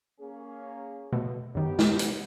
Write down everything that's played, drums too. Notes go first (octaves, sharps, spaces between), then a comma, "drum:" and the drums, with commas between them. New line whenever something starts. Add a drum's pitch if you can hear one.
A#3 C#4 G#4
B2 A3
F#2 D#3 B3 G4 C#5
drum: snare
drum: hi-hat